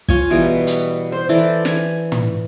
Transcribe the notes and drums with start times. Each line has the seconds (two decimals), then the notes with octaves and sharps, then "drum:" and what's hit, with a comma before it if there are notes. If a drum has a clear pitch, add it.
0.09 F4 C#5 G#5, drum: kick
0.30 B2 E3 G3 A#5
0.67 drum: hi-hat
1.12 C5
1.29 E3 A4 C5 D5
1.65 E3 G#5, drum: snare
2.12 drum: tom